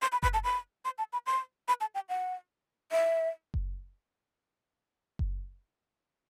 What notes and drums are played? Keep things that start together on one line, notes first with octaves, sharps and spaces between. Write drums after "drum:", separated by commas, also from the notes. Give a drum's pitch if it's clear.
C6
B5
B5, drum: kick F#1
A5
B5
C6
A5
B5
C6
B5
A5
G5
F#5
E5
drum: kick F#1
drum: kick F#1